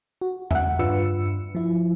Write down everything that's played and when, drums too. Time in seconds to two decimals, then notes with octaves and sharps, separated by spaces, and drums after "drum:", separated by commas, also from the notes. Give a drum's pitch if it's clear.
0.21 F#4
0.51 E5 F#5, drum: tom E2
0.79 G2 D4 F4 B4 E6 C#7
1.55 F3 E4